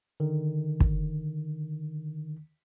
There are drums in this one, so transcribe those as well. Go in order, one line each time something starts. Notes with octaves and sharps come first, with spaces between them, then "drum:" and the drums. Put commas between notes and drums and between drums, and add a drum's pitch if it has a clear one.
D3 D#3
drum: kick